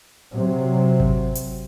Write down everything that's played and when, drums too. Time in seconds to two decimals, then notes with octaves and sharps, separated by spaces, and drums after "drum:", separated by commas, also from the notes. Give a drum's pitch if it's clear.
0.33 C3 F#3 C4
1.00 drum: kick G#1
1.35 drum: hi-hat